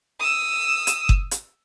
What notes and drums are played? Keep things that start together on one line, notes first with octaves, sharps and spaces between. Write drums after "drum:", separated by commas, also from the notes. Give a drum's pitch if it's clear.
D#6 E6
drum: hi-hat
drum: kick F#1
drum: hi-hat